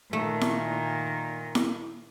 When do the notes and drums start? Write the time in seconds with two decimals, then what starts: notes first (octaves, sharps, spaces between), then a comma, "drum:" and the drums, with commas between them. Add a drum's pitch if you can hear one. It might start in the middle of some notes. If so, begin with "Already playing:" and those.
0.13 A#2 D#3 A3
0.41 drum: snare E4
1.55 drum: snare E4